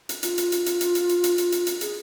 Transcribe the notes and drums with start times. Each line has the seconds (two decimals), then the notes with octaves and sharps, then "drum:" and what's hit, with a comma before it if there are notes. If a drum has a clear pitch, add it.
0.09 drum: hi-hat
0.23 F4, drum: hi-hat
0.38 drum: hi-hat
0.52 drum: hi-hat
0.66 drum: hi-hat
0.81 drum: hi-hat
0.95 drum: hi-hat
1.09 drum: hi-hat
1.24 drum: hi-hat
1.38 drum: hi-hat
1.52 drum: hi-hat
1.67 drum: hi-hat
1.81 G#4, drum: hi-hat